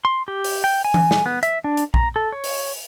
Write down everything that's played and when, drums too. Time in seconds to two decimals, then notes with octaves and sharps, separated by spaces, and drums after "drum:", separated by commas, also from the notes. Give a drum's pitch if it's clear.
0.05 C6
0.28 G4
0.44 drum: open hi-hat
0.64 G5
0.85 G#5
0.94 drum: tom E3
1.11 drum: snare
1.26 B3
1.43 E5, drum: hi-hat
1.64 D4
1.77 drum: hi-hat
1.94 A#5, drum: kick A#1
2.16 A4
2.32 C#5
2.44 drum: open hi-hat